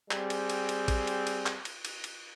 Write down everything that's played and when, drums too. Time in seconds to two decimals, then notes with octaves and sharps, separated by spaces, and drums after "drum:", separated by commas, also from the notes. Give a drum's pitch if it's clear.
0.11 G3 C4 G#4, drum: clap
0.30 drum: cymbal
0.50 drum: cymbal
0.69 drum: cymbal
0.88 drum: kick A1, cymbal
1.07 drum: cymbal
1.27 drum: cymbal
1.46 drum: clap
1.65 drum: cymbal
1.85 drum: cymbal
2.04 drum: cymbal